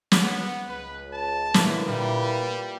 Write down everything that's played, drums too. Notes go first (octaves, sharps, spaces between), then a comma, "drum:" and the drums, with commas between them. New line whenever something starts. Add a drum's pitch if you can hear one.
drum: snare
B3
C#2 B4
A5
D3 E3 A#3 E4 B4, drum: snare
A#2 G3